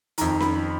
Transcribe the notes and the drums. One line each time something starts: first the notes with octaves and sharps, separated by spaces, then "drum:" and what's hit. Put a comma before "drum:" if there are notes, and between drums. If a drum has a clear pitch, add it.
F2 D#3 A#5, drum: hi-hat
B5, drum: snare C#4